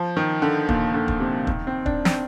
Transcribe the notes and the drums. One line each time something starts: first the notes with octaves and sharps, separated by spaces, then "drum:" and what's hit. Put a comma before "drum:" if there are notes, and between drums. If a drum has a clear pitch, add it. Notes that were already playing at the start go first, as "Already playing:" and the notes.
Already playing: F3
D#3
D3
A#2, drum: kick
D3
drum: kick
C3
D#3, drum: kick
C4
D4, drum: kick
C4, drum: snare